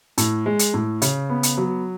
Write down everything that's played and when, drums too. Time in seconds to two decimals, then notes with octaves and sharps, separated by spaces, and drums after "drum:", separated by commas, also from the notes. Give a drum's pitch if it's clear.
0.18 A2, drum: hi-hat
0.46 G#3
0.59 drum: hi-hat
0.74 A2
1.02 C#3, drum: hi-hat
1.29 B3
1.43 drum: hi-hat
1.57 F#3